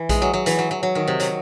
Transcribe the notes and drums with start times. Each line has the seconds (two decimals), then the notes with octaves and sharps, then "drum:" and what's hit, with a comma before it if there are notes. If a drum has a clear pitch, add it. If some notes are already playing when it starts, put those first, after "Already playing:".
Already playing: E3
0.09 G#3, drum: kick A#1, hi-hat
0.22 F#3
0.34 F#3
0.46 E3, drum: hi-hat
0.59 F#3
0.71 F#3
0.83 F#3
0.95 D#3
1.08 C3
1.20 F#3, drum: hi-hat